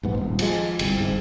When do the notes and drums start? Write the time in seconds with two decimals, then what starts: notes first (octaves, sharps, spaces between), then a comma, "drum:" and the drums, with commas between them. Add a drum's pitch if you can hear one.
0.03 A#1 G#2 B3
0.18 D#1
0.39 F3 G#3, drum: cymbal
0.79 G1 C2, drum: cymbal
1.00 G1 G#2